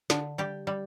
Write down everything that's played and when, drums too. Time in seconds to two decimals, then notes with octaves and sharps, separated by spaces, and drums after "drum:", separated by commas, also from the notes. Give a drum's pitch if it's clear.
0.10 D3, drum: snare
0.38 G3 G4
0.67 G3